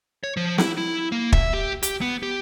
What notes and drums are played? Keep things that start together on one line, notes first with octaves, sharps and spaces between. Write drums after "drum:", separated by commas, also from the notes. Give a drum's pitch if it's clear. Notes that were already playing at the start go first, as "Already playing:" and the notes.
C#5
F3
E4, drum: snare
E4
A#3
E5, drum: kick
G4
G4, drum: hi-hat
B3
G4